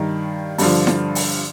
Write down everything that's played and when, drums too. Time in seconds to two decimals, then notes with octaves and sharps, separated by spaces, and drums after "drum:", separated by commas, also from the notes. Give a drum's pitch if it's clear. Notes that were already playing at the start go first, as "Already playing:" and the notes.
Already playing: G2 D#3
0.58 G2 D3 F3, drum: open hi-hat
0.87 drum: snare E4
1.15 drum: open hi-hat